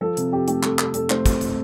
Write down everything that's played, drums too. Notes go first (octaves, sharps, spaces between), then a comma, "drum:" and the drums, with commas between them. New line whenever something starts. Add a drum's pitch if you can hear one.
F3 A4
C3, drum: hi-hat
F2 G4
A3 G4, drum: hi-hat
F3 A4, drum: clap
C3 A4, drum: clap
F2 A4, drum: hi-hat
A3 C5, drum: clap
drum: kick, hi-hat
drum: hi-hat